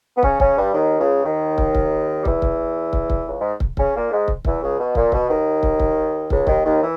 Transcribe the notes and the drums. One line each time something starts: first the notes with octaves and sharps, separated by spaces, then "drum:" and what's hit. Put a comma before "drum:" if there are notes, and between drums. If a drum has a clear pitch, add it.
B3
C#3 C#4, drum: kick
C#3 C#4, drum: kick
G2 G3
D#2 D#3
C#2 C#3
D#2 D#3
drum: kick
drum: kick
G3
E2 E3, drum: kick
drum: kick
drum: kick
drum: kick
C#2 C#3
G#2 G#3
drum: kick
C#3 C#4, drum: kick
A#2 A#3
G#2 G#3
drum: kick
E2 E3, drum: kick
C#2 C#3
B2
A#2, drum: kick
B2, drum: kick
D#2 D#3
drum: kick
drum: kick
C#2 C#3, drum: kick
D#2 D#3, drum: kick
D#2 D#3
E3